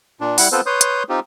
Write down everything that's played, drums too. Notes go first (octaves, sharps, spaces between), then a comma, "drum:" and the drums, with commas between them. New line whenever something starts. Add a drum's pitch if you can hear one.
A#2 D4
G3 E4 F#5, drum: open hi-hat
B3 C4 F4 A4 B4 C5
B4 C#5 C6 D#6 G6
drum: hi-hat
C4 D#4 F4 G4